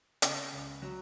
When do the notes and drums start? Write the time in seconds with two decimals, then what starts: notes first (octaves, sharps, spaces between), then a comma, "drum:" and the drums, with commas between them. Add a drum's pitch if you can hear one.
0.22 C#3, drum: hi-hat
0.53 C#2
0.82 F#3